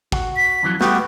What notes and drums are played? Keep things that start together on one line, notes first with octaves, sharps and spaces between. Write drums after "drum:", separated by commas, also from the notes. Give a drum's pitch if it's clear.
F#4, drum: kick
B6
F2 E3 F#3
G3 A3 B3 F#4 G4, drum: snare